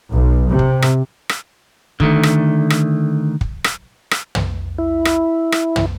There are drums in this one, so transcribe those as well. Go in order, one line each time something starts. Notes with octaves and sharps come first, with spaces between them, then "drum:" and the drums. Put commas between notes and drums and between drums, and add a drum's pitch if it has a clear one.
B1
C3
drum: kick
drum: rim click
drum: rim click
D3 D#3 A3, drum: kick
drum: rim click
drum: rim click
drum: kick
drum: rim click
drum: rim click
drum: tom
E4
drum: rim click
drum: rim click
drum: tom